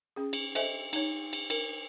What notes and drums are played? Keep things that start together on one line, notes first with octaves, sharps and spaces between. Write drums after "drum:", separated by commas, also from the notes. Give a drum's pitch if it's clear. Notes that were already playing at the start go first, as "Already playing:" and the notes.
C#4 G#4
drum: cymbal
A4 C5 D#5 E5 G#5, drum: cymbal
D#4 C#5, drum: cymbal
drum: cymbal
A#4, drum: cymbal